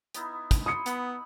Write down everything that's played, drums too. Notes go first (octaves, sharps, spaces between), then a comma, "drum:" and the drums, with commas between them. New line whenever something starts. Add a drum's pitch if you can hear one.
B3 D#4 E4, drum: hi-hat
drum: kick, hi-hat
B5 C6 D#6 C#7
B3 F#5 B5, drum: hi-hat